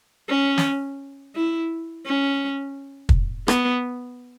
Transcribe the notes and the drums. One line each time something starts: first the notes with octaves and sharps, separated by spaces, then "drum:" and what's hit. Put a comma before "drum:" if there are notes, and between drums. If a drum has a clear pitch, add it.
C#4
drum: snare
E4
C#4
drum: kick
B3, drum: rim click